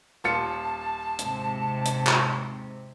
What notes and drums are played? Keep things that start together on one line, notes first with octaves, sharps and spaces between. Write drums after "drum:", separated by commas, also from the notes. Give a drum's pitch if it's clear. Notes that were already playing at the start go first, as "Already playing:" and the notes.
D#1 F4 A5 C#7
G#2 C3, drum: hi-hat
drum: hi-hat
drum: clap